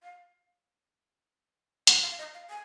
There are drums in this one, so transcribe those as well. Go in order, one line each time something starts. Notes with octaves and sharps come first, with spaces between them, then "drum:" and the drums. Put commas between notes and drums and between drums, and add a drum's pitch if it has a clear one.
F5
F#5, drum: hi-hat
F5
D#5
F5
G#5